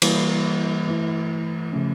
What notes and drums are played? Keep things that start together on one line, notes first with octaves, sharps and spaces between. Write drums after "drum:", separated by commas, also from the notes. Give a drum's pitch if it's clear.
E3 G3 A#3, drum: cymbal
E3 A3 E4
C#3 F3 A3 C#4